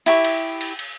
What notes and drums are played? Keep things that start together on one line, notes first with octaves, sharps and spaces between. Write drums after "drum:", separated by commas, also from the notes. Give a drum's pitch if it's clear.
E4 G4 C#6, drum: cymbal
drum: cymbal
drum: cymbal
drum: cymbal